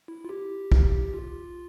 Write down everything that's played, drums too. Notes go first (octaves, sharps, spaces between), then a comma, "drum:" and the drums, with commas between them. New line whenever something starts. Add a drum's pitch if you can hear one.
E4
F4
G4
drum: kick
F4